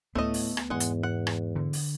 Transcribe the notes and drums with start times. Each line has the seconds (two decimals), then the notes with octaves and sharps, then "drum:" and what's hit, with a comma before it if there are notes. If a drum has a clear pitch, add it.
0.15 D2 A2 A3 B3 D#5
0.34 drum: open hi-hat
0.57 drum: rim click
0.70 E2 G#2 G#3 F#5
0.80 drum: hi-hat
1.03 F#5
1.27 drum: rim click
1.56 D3
1.73 drum: open hi-hat